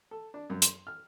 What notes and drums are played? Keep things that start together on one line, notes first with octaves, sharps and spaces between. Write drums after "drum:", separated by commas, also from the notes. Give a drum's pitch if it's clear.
A4
D4
F#2
C6, drum: hi-hat
F6